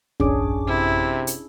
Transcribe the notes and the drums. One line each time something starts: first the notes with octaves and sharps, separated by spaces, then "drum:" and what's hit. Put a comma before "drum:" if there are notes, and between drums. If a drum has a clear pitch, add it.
A1 F#2 C#4 D4 G#4 D6, drum: kick C#2
C3 E4
drum: hi-hat